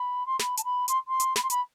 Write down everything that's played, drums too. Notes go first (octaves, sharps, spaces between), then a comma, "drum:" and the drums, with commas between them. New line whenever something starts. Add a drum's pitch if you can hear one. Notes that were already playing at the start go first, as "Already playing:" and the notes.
Already playing: B5
C6
B5, drum: snare
A5, drum: hi-hat
B5
C6, drum: hi-hat
C6
drum: hi-hat
B5, drum: snare
C6
B5, drum: hi-hat